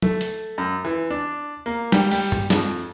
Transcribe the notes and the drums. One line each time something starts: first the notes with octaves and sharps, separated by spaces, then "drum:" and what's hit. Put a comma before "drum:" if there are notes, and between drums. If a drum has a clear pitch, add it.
A3, drum: tom F#3
drum: hi-hat
F#2
E3
D4
A#3
G3, drum: snare
G3, drum: open hi-hat
drum: tom G2
F2, drum: snare